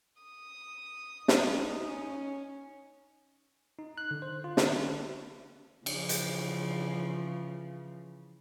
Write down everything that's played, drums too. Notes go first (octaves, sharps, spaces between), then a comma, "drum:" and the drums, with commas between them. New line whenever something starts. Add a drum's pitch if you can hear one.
D#6
D#4, drum: snare
C#4
D#4
F#6
D3
C5
F4
D3, drum: snare
C#3 E3 F3, drum: cymbal
drum: hi-hat